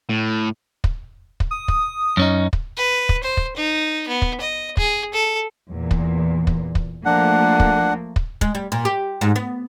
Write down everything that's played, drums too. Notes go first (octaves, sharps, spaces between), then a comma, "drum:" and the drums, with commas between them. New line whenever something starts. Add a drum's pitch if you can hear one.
A2
drum: kick
drum: kick
D#6
drum: kick
F#2 C#4 D#4
drum: kick
B4
drum: kick
C5
drum: kick
D#4
B3
drum: kick
D#5
G#4, drum: kick
A4
E2 A#2
drum: kick
drum: kick
drum: kick
F3 A3 A#3 D4 F#5
drum: kick
drum: kick
G#3, drum: kick
G3
A#2
G4
G#2
B3